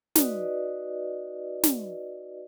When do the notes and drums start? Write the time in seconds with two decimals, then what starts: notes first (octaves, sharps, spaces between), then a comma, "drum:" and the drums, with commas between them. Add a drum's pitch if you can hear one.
0.15 D#4 F#4 B4 D5 D#5, drum: snare
1.63 drum: snare